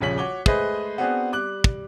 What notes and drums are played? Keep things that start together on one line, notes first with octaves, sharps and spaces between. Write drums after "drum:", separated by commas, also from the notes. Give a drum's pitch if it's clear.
D#1 A#1 C#3 C#5 B6 F#7
F#4 C#5 D6 G7
G#3 A3 G#4 B4 C5 D#5, drum: kick
B3 C4 D4 F#4 G#4
G3 D6 F#6 F#7
drum: kick